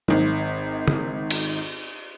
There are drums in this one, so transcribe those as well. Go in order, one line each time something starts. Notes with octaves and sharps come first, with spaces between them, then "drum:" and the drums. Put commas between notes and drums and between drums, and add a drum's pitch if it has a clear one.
G#1 D#3, drum: tom
drum: tom
drum: cymbal